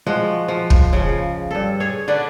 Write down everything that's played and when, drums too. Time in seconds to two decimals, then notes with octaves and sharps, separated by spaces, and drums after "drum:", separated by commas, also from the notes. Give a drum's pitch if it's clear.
0.07 F3 G#3 F#4
0.48 F3
0.70 drum: kick
0.93 C#3 F3
1.51 G2 A4
1.80 G#4 C#5
2.08 D3 D4 B4